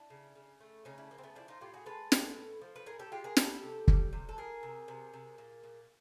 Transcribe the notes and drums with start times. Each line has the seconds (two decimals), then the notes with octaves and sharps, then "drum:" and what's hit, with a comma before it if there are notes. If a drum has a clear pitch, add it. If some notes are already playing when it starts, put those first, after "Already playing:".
Already playing: D4 E4
0.10 C#3
0.35 C#3
0.60 A3
0.85 C#3 C#4 D#4
0.98 D4 E4
1.11 F3 A#3
1.18 C4
1.23 A3 B3
1.35 F3 D4 E4
1.48 D#4 F4
1.61 A2 F4 G4
1.74 F#4 G#4
1.86 G#3 A4 B4
2.12 G#3, drum: snare
2.36 A2
2.61 F3
2.76 B4
2.86 A2 G#4 A#4
2.99 G4 A4
3.12 G#3 F4 G4
3.24 G#4 A#4
3.37 G3 G4 A4, drum: snare
3.62 C3
3.88 G3, drum: kick
4.13 C3
4.29 A4
4.38 E3 G#4 A#4
4.63 C3
4.88 C3
5.13 C3
5.38 A#2
5.63 A#2